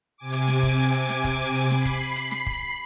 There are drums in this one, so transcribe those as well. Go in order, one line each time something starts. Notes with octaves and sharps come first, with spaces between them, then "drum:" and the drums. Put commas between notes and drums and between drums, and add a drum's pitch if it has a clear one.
C3 G#5 D6
drum: hi-hat
drum: snare
drum: kick, hi-hat
drum: hi-hat
drum: snare
drum: kick, hi-hat
drum: hi-hat
B5 C7, drum: snare
drum: kick, hi-hat
drum: hi-hat
drum: snare
drum: kick